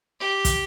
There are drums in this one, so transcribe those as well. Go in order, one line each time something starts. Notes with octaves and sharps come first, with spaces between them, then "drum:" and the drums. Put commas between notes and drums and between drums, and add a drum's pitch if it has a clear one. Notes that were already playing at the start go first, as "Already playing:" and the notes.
G4
drum: kick, hi-hat